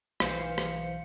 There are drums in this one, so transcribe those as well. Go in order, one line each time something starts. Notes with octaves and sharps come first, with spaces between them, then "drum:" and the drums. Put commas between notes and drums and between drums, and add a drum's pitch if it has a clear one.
B1 E3 C5 F5 C#7, drum: rim click
drum: rim click